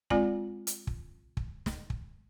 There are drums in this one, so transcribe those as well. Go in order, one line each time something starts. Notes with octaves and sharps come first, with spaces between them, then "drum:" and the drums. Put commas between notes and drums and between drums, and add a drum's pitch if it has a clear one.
G#3 C4 F4 D5 G#5, drum: kick
drum: hi-hat
drum: kick
drum: kick
drum: snare
drum: kick